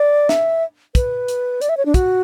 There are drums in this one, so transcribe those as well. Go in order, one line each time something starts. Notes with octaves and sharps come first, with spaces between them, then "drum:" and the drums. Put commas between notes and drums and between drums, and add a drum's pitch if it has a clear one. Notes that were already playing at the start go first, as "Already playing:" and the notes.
Already playing: D5
E5, drum: snare
B4, drum: kick, hi-hat
drum: hi-hat
D5, drum: hi-hat
E5
C#5
D4
F#4, drum: kick, hi-hat